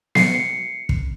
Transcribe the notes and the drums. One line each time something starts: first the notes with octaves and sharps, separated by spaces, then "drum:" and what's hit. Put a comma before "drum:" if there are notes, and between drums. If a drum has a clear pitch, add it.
C7 C#7, drum: snare B3
drum: kick